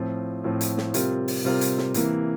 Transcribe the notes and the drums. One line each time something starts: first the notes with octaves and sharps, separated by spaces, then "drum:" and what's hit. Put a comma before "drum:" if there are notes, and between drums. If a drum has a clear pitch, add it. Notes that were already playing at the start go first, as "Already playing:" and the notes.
Already playing: A2 F3 C4 F4
A2 F3 C4 F4
drum: hi-hat
drum: snare
C3 G3 C4 F4 A#4, drum: hi-hat
drum: open hi-hat
C3 G3 C4 F4 A#4
drum: hi-hat
drum: snare
C3 E3 A#3, drum: hi-hat